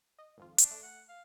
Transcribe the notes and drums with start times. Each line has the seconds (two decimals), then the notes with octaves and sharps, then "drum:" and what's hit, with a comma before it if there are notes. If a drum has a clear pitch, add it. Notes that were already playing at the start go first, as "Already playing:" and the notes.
0.19 D#5
0.37 G#1 F2 F4
0.58 D4, drum: hi-hat
0.71 A3
0.83 F#5
1.09 F5